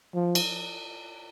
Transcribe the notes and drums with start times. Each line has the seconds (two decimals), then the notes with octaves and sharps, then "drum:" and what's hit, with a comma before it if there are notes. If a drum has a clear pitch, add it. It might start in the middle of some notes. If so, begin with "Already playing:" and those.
0.15 F3
0.35 drum: cymbal